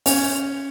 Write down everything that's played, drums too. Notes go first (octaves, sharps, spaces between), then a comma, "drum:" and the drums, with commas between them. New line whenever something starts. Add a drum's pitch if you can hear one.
C#4, drum: open hi-hat